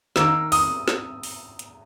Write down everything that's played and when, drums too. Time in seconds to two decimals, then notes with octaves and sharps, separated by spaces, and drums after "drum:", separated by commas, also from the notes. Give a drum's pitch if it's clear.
0.16 D#3 A#3 D#4 E6, drum: snare
0.52 D#6, drum: open hi-hat
0.88 drum: snare
1.23 drum: open hi-hat
1.59 drum: hi-hat